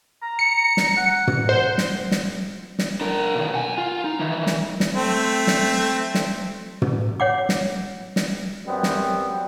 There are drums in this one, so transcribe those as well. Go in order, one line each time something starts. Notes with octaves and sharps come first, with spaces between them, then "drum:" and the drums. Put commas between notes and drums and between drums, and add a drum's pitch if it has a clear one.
A#5
C#7
drum: snare
F#5
drum: tom
C5
drum: snare
drum: snare
drum: snare
D4 A#4
B2 D#3
F#5 G#5
F4
D#4
D#3 E3
drum: snare
drum: snare
A3 C4
drum: snare
drum: snare
drum: tom
C#5 F#5 D6
drum: snare
drum: snare
F#2 G3 B3 C4
drum: snare